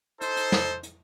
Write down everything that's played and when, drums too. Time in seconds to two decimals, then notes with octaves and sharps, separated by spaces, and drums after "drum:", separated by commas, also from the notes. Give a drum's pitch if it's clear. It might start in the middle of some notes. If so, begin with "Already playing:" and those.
0.21 D#4 A4 C5, drum: hi-hat
0.37 drum: hi-hat
0.52 drum: snare
0.83 drum: hi-hat